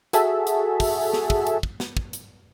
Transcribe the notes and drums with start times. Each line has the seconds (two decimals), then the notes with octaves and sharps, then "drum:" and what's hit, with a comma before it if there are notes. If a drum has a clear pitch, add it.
0.13 F#4 G#4 A4 E5, drum: hi-hat
0.47 drum: hi-hat
0.80 drum: kick, open hi-hat
1.13 drum: snare
1.30 drum: kick
1.47 drum: hi-hat
1.63 drum: kick
1.80 drum: snare
1.97 drum: kick
2.13 drum: hi-hat